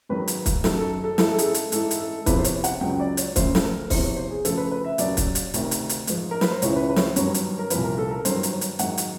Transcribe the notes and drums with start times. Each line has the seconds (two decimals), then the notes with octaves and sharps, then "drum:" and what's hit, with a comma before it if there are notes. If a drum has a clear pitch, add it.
0.09 G#2 D#3 F#3 B4
0.28 drum: hi-hat
0.46 drum: kick, hi-hat
0.64 F#2 D#3 F#3 A4, drum: snare
0.78 A4
1.04 A4
1.18 G#2 E3 A4, drum: snare
1.32 A4
1.38 G#4, drum: hi-hat
1.45 A4
1.54 drum: hi-hat
1.72 G#2 E3 A4, drum: hi-hat
1.91 drum: hi-hat
2.00 A4
2.26 E2 C3 F3 B4, drum: kick, hi-hat
2.39 C5
2.44 C#5, drum: hi-hat
2.64 F#5, drum: hi-hat
2.81 C#2 C#3 F#3 G5
3.00 D5
3.17 C#5, drum: hi-hat
3.36 D2 C#3 F3 C5, drum: kick, hi-hat
3.55 A4, drum: snare
3.63 A#4
3.90 E2 C3 F3 C5, drum: kick, open hi-hat
4.04 C#5
4.17 C5
4.31 G#4
4.45 D2 C#3 F3 A4, drum: hi-hat
4.57 B4
4.72 B4
4.85 E5
4.98 D#2 C#3 F#3 D5, drum: hi-hat
5.17 drum: kick, hi-hat
5.35 drum: hi-hat
5.54 D2 C3 D#3, drum: hi-hat
5.71 drum: hi-hat
5.89 drum: hi-hat
6.07 G#2 F3, drum: hi-hat
6.31 A#4
6.41 B4, drum: snare
6.52 C5
6.62 C#2 C#3 E3 C#5, drum: hi-hat
6.76 B4
6.89 B4
6.96 C#5, drum: snare
7.03 C5
7.16 G2 D#3 F#3 C#5, drum: hi-hat
7.34 drum: hi-hat
7.59 A#4
7.70 C2 A#2 F3 B4, drum: hi-hat
7.84 A#4
7.98 A4
8.11 A#4
8.25 G2 D#3 F#3 C5, drum: hi-hat
8.43 drum: hi-hat
8.52 C#5
8.61 drum: hi-hat
8.79 G#2 D#3 F#3 F#5, drum: hi-hat
8.98 drum: hi-hat